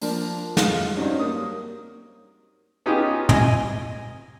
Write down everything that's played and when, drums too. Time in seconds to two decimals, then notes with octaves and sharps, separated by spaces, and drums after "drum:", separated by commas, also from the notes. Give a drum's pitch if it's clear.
0.02 F3 A#3 D4, drum: open hi-hat
0.57 G#3 F5, drum: snare
0.96 G2 F#3 G3 C4 C#4 D#4
1.19 A#3 D#6
2.86 B3 C#4 D#4 F4 G4 G#4
3.29 D#5 G#5, drum: tom